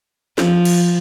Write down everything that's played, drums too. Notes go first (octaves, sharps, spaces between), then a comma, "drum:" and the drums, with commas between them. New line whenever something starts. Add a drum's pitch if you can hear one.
F3, drum: snare
drum: cymbal